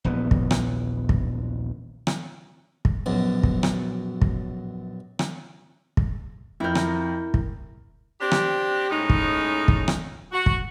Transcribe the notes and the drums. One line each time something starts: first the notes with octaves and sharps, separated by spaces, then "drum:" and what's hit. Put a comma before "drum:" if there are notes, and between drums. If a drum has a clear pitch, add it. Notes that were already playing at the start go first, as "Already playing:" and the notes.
D#1 A#1 E3 B3
drum: kick
drum: rim click
drum: kick
drum: rim click
drum: kick
A#1 F#2 B2
drum: kick
drum: rim click
drum: kick
drum: rim click
drum: kick
F2 E4 A#4 G6
drum: rim click
drum: kick
C4 D4 G4
drum: rim click
A2 G#3 C#4 D#4
drum: kick
drum: kick
drum: rim click
F#4
drum: kick